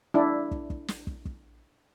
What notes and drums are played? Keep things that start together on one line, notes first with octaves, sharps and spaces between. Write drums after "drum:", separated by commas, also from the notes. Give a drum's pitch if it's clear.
D4 E4
drum: kick
drum: kick
drum: snare
drum: kick
drum: kick